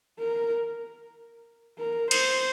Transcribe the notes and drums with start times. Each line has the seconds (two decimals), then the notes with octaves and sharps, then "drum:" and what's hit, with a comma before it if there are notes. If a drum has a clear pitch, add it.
0.19 A#4
1.79 A#4
2.11 C5, drum: cymbal